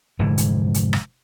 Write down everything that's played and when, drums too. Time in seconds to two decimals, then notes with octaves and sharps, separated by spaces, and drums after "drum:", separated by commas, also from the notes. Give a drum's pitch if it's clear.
0.19 F1 G#2 D3 E3
0.38 drum: hi-hat
0.74 drum: hi-hat
0.93 drum: rim click